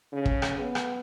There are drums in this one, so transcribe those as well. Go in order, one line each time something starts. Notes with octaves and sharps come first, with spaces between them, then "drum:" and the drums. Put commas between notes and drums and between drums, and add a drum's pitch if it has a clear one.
C#3
drum: kick
drum: rim click
B3
drum: rim click